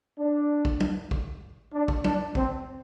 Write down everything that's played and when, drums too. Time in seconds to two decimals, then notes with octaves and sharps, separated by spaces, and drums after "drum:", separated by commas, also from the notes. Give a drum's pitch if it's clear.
0.19 D4
0.65 drum: kick
0.80 drum: tom
1.11 drum: kick
1.73 D4
1.88 drum: kick
2.04 D4, drum: tom
2.35 C4, drum: kick